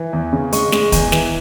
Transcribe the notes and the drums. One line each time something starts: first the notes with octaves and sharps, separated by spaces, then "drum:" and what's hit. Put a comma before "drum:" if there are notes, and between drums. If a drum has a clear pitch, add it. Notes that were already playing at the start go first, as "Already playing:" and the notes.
Already playing: E3
E2
C#3
G#3 C#6, drum: hi-hat
G#3, drum: snare
E2, drum: kick, hi-hat
E3, drum: snare